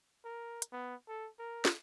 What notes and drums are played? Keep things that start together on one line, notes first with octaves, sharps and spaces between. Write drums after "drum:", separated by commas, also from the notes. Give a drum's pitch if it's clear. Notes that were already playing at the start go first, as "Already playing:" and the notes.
A#4
drum: hi-hat
B3
A4
A#4
drum: snare